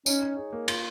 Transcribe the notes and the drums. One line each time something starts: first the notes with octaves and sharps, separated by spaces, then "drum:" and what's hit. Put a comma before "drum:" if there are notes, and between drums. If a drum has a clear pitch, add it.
C#4 D#4, drum: tambourine
C#5
G#4
A#3
F4, drum: cymbal